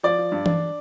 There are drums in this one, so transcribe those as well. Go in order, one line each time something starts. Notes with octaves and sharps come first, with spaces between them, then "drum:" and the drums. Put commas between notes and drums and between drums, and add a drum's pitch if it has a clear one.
F3 D5
F3
G2
D4, drum: tom E3